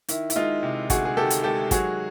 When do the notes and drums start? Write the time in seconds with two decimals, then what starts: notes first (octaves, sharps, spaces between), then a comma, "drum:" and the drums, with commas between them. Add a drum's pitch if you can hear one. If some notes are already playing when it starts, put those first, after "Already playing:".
0.09 D#3 E4, drum: hi-hat
0.30 E4, drum: hi-hat
0.36 G#3 D#4 F4
0.63 C3
0.90 D2 F#4 G#4, drum: kick, hi-hat
1.05 G#4
1.17 D#3 G4 A4
1.30 drum: hi-hat
1.44 G#3 G4 A4
1.71 F#3 F#4 G#4, drum: kick, hi-hat